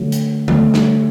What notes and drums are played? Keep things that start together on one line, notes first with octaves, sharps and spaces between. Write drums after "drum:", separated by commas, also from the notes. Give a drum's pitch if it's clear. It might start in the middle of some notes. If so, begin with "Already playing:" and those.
Already playing: D3 F#3 A3
drum: hi-hat
D3 F#3 A3, drum: tom D#3
drum: snare